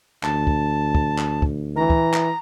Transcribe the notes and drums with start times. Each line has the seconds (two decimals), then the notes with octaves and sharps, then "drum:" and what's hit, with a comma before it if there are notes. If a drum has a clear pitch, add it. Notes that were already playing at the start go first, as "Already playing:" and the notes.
0.23 D2 A5, drum: clap
0.47 drum: kick
0.95 drum: kick
1.18 drum: clap
1.42 drum: kick
1.76 E3 A#5
1.90 drum: kick
2.14 drum: clap